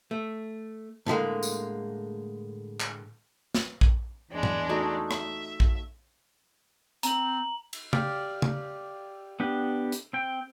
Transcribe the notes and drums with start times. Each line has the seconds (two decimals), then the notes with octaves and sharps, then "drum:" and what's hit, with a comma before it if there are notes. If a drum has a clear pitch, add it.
0.11 A3
1.06 A2 D3 G#3 A#3
1.43 drum: tambourine
2.80 drum: clap
3.55 drum: snare
3.81 drum: kick A#1
4.32 E2 G#3 D4
4.43 drum: tom
4.69 A3 D#4 F#4
5.11 E5, drum: rim click
5.60 drum: kick A#1
7.03 C4 A#5 F#7, drum: hi-hat
7.73 drum: cymbal
7.93 G4 D5 F5, drum: tom
8.42 drum: tom
9.40 B3 D4 G4
9.92 drum: hi-hat
10.13 C4 G5